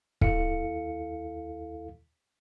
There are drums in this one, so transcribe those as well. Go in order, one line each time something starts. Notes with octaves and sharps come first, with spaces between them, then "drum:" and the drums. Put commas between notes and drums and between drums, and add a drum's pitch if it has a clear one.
D#2 E4 A4 F5 C#7, drum: kick